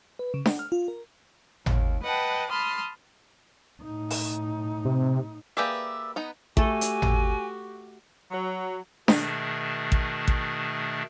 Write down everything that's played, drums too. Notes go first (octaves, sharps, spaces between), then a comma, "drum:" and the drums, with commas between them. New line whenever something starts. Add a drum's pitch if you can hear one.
B4
C#3
F#5, drum: snare D4
F6
F4
A#4
D#2, drum: tom G#1
B4 D#5 F#5 G5 A5
A5 B5 C6 D#6 F6
A2 D#4
drum: open hi-hat
C3
A#3 G4 G#4 B4 D5 E5
B3 D#4 A#5
A3 F#4 G4 A4 G#5, drum: kick A1
drum: hi-hat
drum: tom G#1
F#3
B2 D#3 A3 D4 G#4, drum: snare D4
drum: kick A1
drum: kick A1